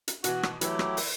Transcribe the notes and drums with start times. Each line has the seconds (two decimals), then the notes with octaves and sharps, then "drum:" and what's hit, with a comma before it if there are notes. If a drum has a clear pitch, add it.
0.08 drum: hi-hat
0.24 B2 E3 F#4, drum: hi-hat
0.43 drum: rim click
0.61 E3 F#3 A3 E4 G4, drum: hi-hat
0.79 drum: rim click
0.97 drum: open hi-hat